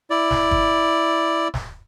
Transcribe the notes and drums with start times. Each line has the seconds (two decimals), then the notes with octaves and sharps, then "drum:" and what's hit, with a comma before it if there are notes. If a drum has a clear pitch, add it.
0.10 E4 D5
0.31 drum: snare
0.51 drum: kick
1.54 drum: snare